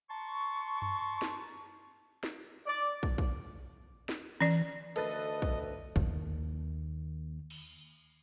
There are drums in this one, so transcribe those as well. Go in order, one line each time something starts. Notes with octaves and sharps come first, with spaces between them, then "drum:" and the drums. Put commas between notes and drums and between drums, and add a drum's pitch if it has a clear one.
A5 A#5 C6 C#6
drum: tom F#2
drum: snare
drum: snare
D5
drum: kick
drum: kick
drum: snare
E3 C#4 D5
D2 A4 B4 D#5 A6, drum: cymbal
drum: kick
D#2 A#3, drum: kick
drum: cymbal